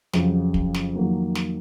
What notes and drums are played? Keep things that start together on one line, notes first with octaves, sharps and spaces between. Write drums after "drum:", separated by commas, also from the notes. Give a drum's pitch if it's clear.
F2 C#3 F#3, drum: snare
drum: kick
drum: snare
F2 D#3 F#3 A#3
drum: snare